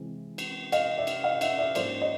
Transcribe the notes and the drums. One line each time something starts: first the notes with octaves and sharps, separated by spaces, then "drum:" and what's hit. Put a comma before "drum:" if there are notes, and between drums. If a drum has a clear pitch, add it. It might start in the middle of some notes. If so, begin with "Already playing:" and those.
Already playing: C3 E3 G#3 C4
drum: cymbal
D#5 F5, drum: cymbal
D5 E5
drum: cymbal
D#5 F5
E5 F#5, drum: cymbal
D5 E5
G#2 F3 A#3 C#4 C5 D5, drum: cymbal
C#5 D#5